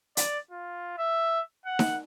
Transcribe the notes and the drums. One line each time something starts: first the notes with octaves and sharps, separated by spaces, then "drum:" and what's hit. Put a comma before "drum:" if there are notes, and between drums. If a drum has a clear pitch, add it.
D5, drum: hi-hat
F4
E5
F#5
drum: snare D#4